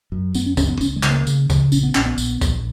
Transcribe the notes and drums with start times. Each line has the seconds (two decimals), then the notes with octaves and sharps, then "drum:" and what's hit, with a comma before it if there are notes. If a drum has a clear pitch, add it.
0.12 F#2
0.35 F#2 B3, drum: tambourine
0.46 C#4
0.57 F#1 C#4, drum: kick, tambourine
0.69 B3
0.81 C#2 C#4, drum: tambourine
0.96 G#3
1.03 C#3, drum: clap
1.11 A#3
1.27 C#3, drum: tambourine
1.50 C#3, drum: kick, tambourine
1.72 A#1 C#4, drum: tambourine
1.83 B3
1.95 A#1 C#4, drum: clap
2.06 B3
2.18 A#1, drum: tambourine
2.41 A#1, drum: kick, tambourine